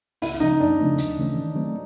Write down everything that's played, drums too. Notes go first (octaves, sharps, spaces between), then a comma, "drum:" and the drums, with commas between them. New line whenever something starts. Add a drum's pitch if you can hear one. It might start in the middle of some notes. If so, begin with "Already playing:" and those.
C#2 E4, drum: open hi-hat
C#3 F3 D#4
F#2 D4
C#3 F3 A3 C4
D#2, drum: hi-hat
C#3 E3 A3 C#4
D#3
F#3 A3 C4